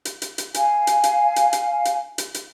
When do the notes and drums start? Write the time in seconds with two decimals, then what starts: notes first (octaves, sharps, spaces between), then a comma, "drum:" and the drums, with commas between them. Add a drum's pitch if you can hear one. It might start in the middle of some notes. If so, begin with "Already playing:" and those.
0.05 drum: hi-hat
0.22 drum: hi-hat
0.38 drum: hi-hat
0.54 F5 G#5, drum: hi-hat
0.87 drum: hi-hat
1.03 drum: hi-hat
1.36 drum: hi-hat
1.53 drum: hi-hat
1.85 drum: hi-hat
2.18 drum: hi-hat
2.34 drum: hi-hat